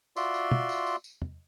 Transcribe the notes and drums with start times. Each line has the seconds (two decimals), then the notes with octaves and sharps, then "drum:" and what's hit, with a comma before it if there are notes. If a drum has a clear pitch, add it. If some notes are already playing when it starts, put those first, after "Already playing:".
0.16 F4 F#4 D5 E5 C6, drum: tambourine
0.34 drum: tambourine
0.51 drum: tom
0.69 drum: tambourine
0.87 drum: tambourine
1.04 drum: tambourine
1.22 drum: tom E2